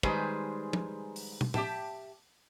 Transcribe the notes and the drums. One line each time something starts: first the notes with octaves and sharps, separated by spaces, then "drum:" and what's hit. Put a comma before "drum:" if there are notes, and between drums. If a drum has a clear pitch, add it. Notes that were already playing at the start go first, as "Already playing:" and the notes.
D#3 G3 G#3 G#4 B4 C5, drum: kick
drum: tom
drum: open hi-hat
drum: tom
G4 E5 G5 A5, drum: tom